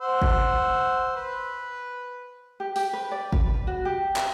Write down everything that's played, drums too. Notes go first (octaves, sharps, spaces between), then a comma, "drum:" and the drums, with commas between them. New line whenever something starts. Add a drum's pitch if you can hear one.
C5 F#5 E6
drum: kick
B4
G4
G4, drum: open hi-hat
B4
D5
B4, drum: kick
F#4
G4
E5, drum: clap